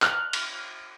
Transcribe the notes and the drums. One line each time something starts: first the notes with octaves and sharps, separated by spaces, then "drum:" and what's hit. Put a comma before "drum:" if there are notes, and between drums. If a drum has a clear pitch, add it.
F6 F#6, drum: clap
drum: cymbal